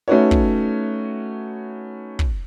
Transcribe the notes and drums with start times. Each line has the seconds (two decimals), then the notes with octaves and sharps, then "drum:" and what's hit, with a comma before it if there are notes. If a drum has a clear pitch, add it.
0.08 A3 C#4 D#4 F#4 B4 C#5
0.31 drum: kick
2.19 drum: kick